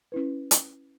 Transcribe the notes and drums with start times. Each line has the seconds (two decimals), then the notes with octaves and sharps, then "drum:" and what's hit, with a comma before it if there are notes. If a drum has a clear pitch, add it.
0.12 C#4 E4 B4
0.51 drum: hi-hat